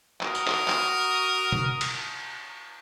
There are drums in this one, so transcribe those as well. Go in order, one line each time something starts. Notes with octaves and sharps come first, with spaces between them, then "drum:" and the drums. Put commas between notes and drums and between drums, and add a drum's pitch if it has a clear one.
F#4 A#4 A#5 D#6, drum: clap
drum: tambourine
drum: clap
drum: clap
drum: tom
drum: cymbal